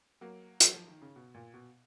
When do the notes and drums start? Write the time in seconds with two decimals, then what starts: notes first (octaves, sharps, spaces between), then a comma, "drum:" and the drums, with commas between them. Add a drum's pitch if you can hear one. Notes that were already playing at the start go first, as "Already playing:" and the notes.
0.21 F#3 A#3
0.60 F#3, drum: hi-hat
0.74 F3
0.88 D#3
1.02 C#3
1.16 B2
1.34 A#2
1.54 B2